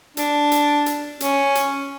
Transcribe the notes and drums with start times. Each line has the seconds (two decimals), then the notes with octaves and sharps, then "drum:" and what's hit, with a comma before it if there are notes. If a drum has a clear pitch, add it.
0.17 D4, drum: hi-hat
0.52 drum: hi-hat
0.86 drum: hi-hat
1.20 C#4, drum: hi-hat
1.55 drum: hi-hat